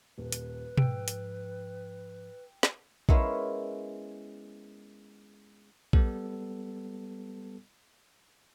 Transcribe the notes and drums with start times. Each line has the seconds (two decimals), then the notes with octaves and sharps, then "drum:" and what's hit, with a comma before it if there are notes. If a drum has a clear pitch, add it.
0.18 D#1 B4
0.32 drum: hi-hat
0.77 G#2 F3 G5 E6 D7, drum: tom B2
1.08 drum: hi-hat
2.63 drum: snare
3.09 G#3 B3 C#4 E4 A#4 F5, drum: kick
5.93 G3 B3 A4, drum: kick